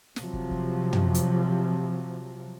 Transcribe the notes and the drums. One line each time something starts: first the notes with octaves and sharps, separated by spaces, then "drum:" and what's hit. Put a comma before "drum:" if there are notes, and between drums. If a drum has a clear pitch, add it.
C3 F3 F#3, drum: snare
drum: kick
drum: kick
drum: tom
drum: hi-hat